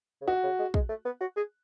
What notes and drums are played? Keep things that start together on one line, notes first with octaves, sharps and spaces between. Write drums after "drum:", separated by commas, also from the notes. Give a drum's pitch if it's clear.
C#3
B2 F#4
C#3
G#3
G#3, drum: kick
A3
B3
F#4
G#4